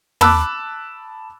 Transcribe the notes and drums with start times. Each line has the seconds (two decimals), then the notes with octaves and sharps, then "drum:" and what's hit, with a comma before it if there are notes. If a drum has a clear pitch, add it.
0.21 A5 B5 D6 E6 F#6, drum: tom